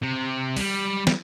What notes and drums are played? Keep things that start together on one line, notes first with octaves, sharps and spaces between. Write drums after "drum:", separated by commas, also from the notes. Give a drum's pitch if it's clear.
C3
G3, drum: open hi-hat
G3, drum: snare